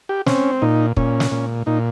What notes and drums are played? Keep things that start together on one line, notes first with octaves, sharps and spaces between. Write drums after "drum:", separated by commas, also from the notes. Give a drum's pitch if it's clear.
G4
C4 C#4, drum: snare
A#2 D#4
A#2 C#4, drum: kick
drum: snare
A#2
A#2 D#4